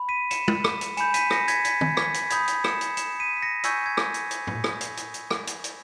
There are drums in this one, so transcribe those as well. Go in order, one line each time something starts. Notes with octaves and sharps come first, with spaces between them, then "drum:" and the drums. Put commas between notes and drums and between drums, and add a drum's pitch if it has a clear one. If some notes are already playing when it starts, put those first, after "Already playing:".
Already playing: B5
B6 D#7
C#7 E7, drum: hi-hat
drum: tom
drum: rim click
drum: hi-hat
G#5 B5 G6 C#7 E7, drum: hi-hat
B6 D#7, drum: hi-hat
A#6 C#7, drum: rim click
G#6 B6, drum: hi-hat
G#6 B6, drum: hi-hat
drum: tom
G#6 B6, drum: rim click
drum: hi-hat
B5 D#6 G6 G#6, drum: hi-hat
drum: hi-hat
C#7 E7, drum: rim click
drum: hi-hat
C#7 E7, drum: hi-hat
B6 D#7
B6
A#6 C#7
G#5 C#6 E6 G6 G#6 B6, drum: hi-hat
G#6
drum: rim click
drum: hi-hat
drum: hi-hat
drum: tom
drum: rim click
drum: hi-hat
drum: hi-hat
drum: hi-hat
drum: rim click
drum: hi-hat
drum: hi-hat